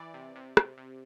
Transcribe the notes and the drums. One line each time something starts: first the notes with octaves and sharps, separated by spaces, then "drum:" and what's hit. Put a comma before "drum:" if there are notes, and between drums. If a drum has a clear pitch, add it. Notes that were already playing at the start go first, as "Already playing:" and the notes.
Already playing: E3 D5
C3
C3
C3, drum: rim click
C3